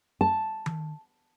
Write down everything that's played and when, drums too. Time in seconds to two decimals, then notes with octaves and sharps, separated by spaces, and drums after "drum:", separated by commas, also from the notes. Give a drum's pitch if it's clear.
0.21 A5
0.66 drum: tom D#3